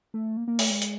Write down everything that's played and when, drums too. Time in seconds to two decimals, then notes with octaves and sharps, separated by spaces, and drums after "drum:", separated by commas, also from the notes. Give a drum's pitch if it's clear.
0.14 A3
0.37 A#3
0.48 A#3
0.59 A3, drum: open hi-hat
0.70 G#3
0.82 drum: hi-hat